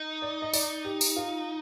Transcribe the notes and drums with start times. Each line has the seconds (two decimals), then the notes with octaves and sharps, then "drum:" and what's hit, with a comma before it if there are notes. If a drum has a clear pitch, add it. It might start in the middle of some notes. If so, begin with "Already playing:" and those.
Already playing: D#4
0.22 D5
0.42 D#5
0.53 D5, drum: tambourine
0.85 G4
1.01 drum: tambourine
1.16 F4